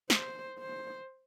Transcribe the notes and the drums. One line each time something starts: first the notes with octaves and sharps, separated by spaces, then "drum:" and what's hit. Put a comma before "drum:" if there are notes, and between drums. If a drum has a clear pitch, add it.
C5, drum: snare
C5